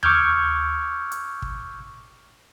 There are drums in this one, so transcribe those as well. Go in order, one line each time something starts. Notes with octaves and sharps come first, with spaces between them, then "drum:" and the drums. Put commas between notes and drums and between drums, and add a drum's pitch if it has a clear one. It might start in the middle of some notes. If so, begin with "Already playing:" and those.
C#6 D6 E6 F6 G6 G#6, drum: tom D#2
drum: hi-hat
drum: kick